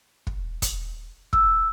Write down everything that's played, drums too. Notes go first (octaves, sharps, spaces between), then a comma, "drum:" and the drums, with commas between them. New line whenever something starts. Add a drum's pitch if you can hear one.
drum: kick
drum: kick, hi-hat
E6, drum: kick